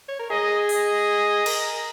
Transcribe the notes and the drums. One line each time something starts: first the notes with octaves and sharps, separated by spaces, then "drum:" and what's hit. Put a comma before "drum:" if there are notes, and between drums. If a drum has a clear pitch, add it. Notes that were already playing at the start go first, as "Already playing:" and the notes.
C#5
A#4
G#4 D#5
D#5, drum: open hi-hat
A#4, drum: cymbal